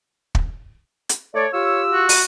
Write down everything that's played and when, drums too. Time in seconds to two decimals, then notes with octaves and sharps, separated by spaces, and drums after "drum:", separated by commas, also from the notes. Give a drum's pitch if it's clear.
0.35 drum: kick
1.09 drum: hi-hat
1.34 A3 C#5 D5
1.53 F4 G4 C#5 E6
1.90 F#4
2.09 drum: open hi-hat